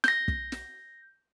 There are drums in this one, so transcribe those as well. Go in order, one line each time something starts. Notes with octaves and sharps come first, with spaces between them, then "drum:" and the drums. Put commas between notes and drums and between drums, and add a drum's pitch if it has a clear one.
G6 A#6, drum: snare
drum: kick
drum: snare